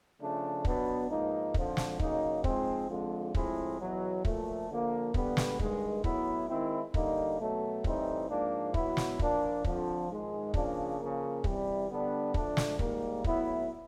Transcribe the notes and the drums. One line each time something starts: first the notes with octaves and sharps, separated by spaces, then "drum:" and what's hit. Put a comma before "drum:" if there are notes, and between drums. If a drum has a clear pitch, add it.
C#3 F3 A3 D4
B2 F#3 B3 D4, drum: kick
G#2 F3 A#3 D#4
F2 D3 F3, drum: kick
drum: snare
C#3 F#3 A#3 D#4, drum: kick
G#2 F3 G#3 C4, drum: kick
F2 D3 F3 G#3
A2 F3 G#3 C4 E4, drum: kick
E2 B2 F#3
A#2 F3 A3, drum: kick
D3 F3 A#3
D3 G3 B3, drum: kick
drum: snare
G2 D#3 G#3, drum: kick
A2 F#3 B3 E4, drum: kick
D#3 G#3 C4 E4
D3 G3 A#3 D#4, drum: kick
B2 F#3 A3
A2 E3 G3 C4 D#4, drum: kick
G#2 F3 A#3 D4
B2 F#3 B3 E4, drum: kick
drum: snare
A#2 F3 A#3 D4, drum: kick
F2 D3 F3, drum: kick
G#2 D#3 G#3
C#3 F3 A#3 D4, drum: kick
C#3 F3 A#3
C3 E3 G3, drum: kick
D3 G3 B3 D4
D3 F3 A3 D4, drum: kick
drum: snare
G#2 D#3 G3 A#3, drum: kick
A2 F#3 B3 E4, drum: kick